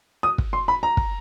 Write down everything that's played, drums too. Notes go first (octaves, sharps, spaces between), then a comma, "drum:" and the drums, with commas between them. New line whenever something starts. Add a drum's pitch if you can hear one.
D#6
drum: kick
C6
B5
A#5
drum: kick